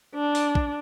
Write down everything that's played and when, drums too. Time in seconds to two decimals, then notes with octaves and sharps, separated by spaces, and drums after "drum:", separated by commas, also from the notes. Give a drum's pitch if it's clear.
0.15 D4
0.35 drum: open hi-hat
0.55 drum: kick